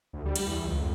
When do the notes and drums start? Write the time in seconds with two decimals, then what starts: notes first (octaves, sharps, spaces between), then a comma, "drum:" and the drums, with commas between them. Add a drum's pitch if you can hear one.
0.13 D2
0.26 G3
0.36 drum: cymbal
0.46 E2
0.65 C#2
0.81 F2